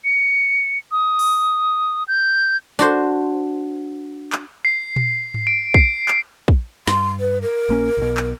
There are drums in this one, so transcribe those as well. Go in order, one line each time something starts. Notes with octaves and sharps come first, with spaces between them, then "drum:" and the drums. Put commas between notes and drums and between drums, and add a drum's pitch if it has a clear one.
C#7
D#6
drum: open hi-hat
G6
D4 F#4 C5, drum: tambourine
drum: clap
C7
drum: tom A#2
drum: tom G#2
D7
C7, drum: kick
drum: clap
drum: kick
G2 C6, drum: snare
B4
A#4
A#1 A#3 C#4
B1 B2
drum: clap